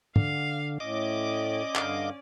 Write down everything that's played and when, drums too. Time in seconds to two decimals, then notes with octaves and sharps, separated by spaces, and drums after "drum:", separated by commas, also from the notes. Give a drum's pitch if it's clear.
0.16 D3 F5, drum: tom
0.80 A2 C#4 D5 D#5 D6
1.75 G2 D3 F5, drum: clap